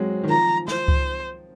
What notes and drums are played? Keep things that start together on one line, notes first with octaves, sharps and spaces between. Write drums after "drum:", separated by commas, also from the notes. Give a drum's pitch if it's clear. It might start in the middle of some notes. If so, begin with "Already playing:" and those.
Already playing: F#3 G#3 C4
D#3
F3 A#5
C5, drum: snare
drum: kick C#2